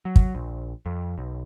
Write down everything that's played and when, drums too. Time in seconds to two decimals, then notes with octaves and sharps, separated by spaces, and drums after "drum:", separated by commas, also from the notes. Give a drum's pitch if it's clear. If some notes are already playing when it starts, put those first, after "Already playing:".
0.05 F#3
0.16 drum: kick
0.35 A#1
0.86 F2
1.18 B1